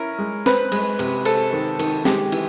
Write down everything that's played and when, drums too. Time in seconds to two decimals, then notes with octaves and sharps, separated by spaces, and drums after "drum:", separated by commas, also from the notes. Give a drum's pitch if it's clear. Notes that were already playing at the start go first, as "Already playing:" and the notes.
Already playing: C#4 E4 A#4
0.19 G#3
0.46 C4 B4, drum: snare
0.72 G#3, drum: cymbal
0.99 C3, drum: cymbal
1.25 C4 A4, drum: cymbal
1.53 D#3
1.80 D#3, drum: cymbal
2.05 G#3 G4, drum: snare
2.32 E3, drum: cymbal